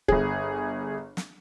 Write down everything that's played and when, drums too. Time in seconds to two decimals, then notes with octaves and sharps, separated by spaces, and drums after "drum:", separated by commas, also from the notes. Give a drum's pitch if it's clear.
0.08 G1 G#4, drum: kick
1.17 drum: snare